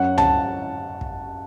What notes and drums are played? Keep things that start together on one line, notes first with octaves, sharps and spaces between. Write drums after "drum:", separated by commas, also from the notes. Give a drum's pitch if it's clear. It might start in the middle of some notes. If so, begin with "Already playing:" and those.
Already playing: F#2 F#3 C#4 F#5
A5, drum: tom C#2
drum: kick